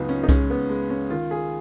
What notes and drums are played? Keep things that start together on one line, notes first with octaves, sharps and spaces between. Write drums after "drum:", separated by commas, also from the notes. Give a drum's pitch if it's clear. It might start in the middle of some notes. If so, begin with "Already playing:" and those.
Already playing: F#1 C#2 F#3 B3 D#4 F4
C#4
D#4
G#3 C#4, drum: kick C2, hi-hat
B3
G#3
C#4
D#3 F4
G#4